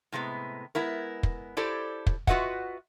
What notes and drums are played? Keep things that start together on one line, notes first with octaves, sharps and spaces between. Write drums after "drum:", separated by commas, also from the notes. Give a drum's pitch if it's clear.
A2 C3 G#3 B3
G#3 B3 E4 A#4
drum: kick
E4 G4 A4 C5 D5
drum: kick
F4 F#4 B4 D#5 E5 F#5, drum: kick